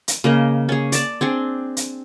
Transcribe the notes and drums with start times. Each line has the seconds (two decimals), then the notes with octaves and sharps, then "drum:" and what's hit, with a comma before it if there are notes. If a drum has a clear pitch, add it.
0.08 drum: hi-hat
0.24 C#3 A#3 D#5
0.69 C#4 G#4
0.92 D5 A5, drum: hi-hat
1.21 C4 D4 G#4
1.77 drum: hi-hat